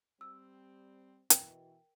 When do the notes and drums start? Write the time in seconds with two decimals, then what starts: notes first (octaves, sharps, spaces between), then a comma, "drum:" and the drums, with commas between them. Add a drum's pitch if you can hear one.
0.21 G3 C4 E6
1.30 B2 E3 A#4 G5, drum: hi-hat